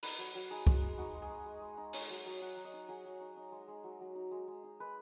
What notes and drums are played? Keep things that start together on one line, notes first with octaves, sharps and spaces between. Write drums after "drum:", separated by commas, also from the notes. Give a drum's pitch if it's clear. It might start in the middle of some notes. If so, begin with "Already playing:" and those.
D#4 B4, drum: open hi-hat
F#3
F#3
D#4 G#4
G#3, drum: kick
G#3
D#4 F#4
G#3
G#4
G#3
G#3
G#3
D#4
D#4 C#5, drum: open hi-hat
F#3
F#3
F#3 F#5
F#3
D#5
D#4
F#3 G#4
F#3
D#4
D#4
G#3
G#3
F#3
F#3
D#4
G#3
G#3
D#4
G#3 B4